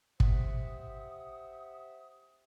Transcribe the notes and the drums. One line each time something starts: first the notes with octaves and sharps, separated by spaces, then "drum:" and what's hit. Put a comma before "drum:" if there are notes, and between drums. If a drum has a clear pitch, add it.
G4 C5 E5 F#5 D#6, drum: kick